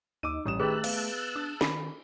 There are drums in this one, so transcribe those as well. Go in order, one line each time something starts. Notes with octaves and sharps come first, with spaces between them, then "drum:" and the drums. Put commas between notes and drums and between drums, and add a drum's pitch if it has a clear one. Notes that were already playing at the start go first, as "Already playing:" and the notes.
D#2 D#4 D6 E6 D#7
A1 G3 G4 D#6 E7
D#3 A3 G4 G#4 B4 A5 E6 F#6
B3 F5, drum: cymbal
D4 D#6
D#3 B5, drum: snare